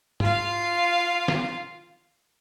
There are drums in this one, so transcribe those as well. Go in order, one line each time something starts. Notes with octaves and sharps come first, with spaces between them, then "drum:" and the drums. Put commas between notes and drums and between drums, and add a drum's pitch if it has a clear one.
F4 F5, drum: tom
drum: snare